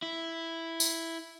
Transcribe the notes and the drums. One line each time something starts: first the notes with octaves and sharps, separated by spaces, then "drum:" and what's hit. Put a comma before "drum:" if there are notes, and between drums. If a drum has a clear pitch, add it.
E4
drum: tambourine